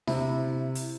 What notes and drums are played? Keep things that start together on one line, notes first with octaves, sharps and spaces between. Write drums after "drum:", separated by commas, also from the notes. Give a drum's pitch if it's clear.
C3 E4, drum: snare D4
drum: hi-hat